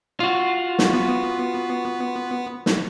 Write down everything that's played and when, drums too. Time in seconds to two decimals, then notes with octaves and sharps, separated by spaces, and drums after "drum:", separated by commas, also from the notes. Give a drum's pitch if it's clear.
0.20 F4 F#4
0.79 drum: snare
0.93 B3
2.66 drum: snare